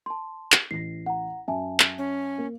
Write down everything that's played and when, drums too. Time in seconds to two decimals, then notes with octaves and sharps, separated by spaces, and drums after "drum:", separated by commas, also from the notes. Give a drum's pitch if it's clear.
0.06 A5 C6
0.52 drum: clap
0.71 A1 A#6 C7
1.06 F#5 A#5
1.48 F#2 E5 G#5 A5
1.80 drum: clap
1.98 C#4
2.38 A#3